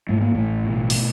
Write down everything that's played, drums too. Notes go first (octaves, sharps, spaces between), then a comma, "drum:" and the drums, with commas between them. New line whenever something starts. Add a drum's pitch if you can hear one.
G#2 A3
A#3
A1 A2 A3
B2
drum: open hi-hat